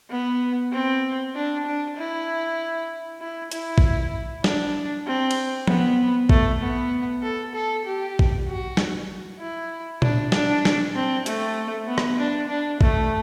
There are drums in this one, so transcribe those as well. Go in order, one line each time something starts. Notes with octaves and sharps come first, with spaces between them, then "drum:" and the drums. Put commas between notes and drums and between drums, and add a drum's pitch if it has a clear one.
B3
C4
D4
D4
E4
E4
E4, drum: hi-hat
drum: kick
D4, drum: snare
C4
drum: cymbal
B3, drum: tom F3
A3, drum: kick
B3
A4
A4
G4
drum: kick
F#4
drum: snare
E4
D4, drum: tom A#2
D4, drum: snare
drum: snare
C4
A3, drum: hi-hat
B3
drum: rim click
D4
D4
A3, drum: kick